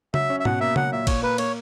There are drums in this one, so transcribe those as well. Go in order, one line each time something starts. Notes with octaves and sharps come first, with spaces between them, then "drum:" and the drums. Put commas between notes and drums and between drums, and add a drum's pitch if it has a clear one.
F#3 E5, drum: tom C#3
C#4
E5
B2 F#5, drum: tom G#2
A#3 E5
F#3 F#5, drum: tom C#3
A#2 E5
A#2 C#5, drum: kick, cymbal
A#3 B4
A#3 C#5, drum: cymbal